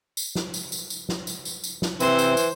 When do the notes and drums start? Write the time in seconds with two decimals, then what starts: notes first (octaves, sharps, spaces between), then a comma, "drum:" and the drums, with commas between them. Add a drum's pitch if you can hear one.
0.17 drum: tambourine
0.35 drum: snare
0.54 drum: tambourine
0.72 drum: tambourine
0.90 drum: tambourine
1.09 drum: snare
1.27 drum: tambourine
1.45 drum: tambourine
1.64 drum: tambourine
1.82 drum: snare
2.00 C3 E3 C4 C5, drum: tambourine
2.19 drum: tambourine
2.37 drum: tambourine